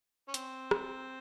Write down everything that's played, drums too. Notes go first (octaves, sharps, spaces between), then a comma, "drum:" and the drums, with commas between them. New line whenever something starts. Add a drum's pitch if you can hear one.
C#4
C4, drum: hi-hat
drum: rim click